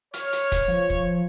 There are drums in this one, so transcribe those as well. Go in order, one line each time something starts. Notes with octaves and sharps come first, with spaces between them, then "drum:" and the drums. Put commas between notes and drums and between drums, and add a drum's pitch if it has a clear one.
C#5 F6, drum: hi-hat
drum: hi-hat
drum: kick, hi-hat
F3
drum: kick